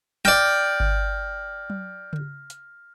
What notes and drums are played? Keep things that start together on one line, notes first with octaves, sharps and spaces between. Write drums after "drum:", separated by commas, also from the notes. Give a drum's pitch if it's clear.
D5 G5 F6 A#6, drum: snare
drum: kick G1
drum: tom F#3
drum: tom C#3
drum: hi-hat